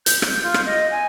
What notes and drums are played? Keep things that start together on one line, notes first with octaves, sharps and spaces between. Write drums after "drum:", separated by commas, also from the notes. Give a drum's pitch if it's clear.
G6, drum: hi-hat
drum: rim click
F4
drum: rim click
D#5
G#5